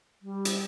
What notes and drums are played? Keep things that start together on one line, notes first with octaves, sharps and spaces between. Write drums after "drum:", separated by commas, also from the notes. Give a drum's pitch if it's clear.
G3
drum: hi-hat